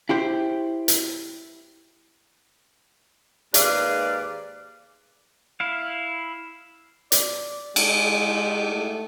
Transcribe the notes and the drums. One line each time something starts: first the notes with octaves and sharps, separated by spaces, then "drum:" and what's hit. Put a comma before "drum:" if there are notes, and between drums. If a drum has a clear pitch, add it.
E4 G4 C5
drum: hi-hat
D#2 G#2 G#4 B4 D5 F5, drum: hi-hat
E4 F5
D5, drum: hi-hat
G#3 G4, drum: cymbal
A3